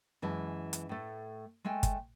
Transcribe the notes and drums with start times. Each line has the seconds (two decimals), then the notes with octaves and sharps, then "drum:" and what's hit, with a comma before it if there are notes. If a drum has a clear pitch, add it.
0.22 F#2 E3 G#3 A5
0.73 drum: hi-hat
0.89 A2 A3
1.64 G#3 A3 G5 G#5
1.83 drum: kick G1, hi-hat